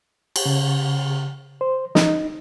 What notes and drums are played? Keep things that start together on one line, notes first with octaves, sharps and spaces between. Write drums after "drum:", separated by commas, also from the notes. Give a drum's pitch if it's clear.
drum: cymbal
C#3
C5
D#4, drum: snare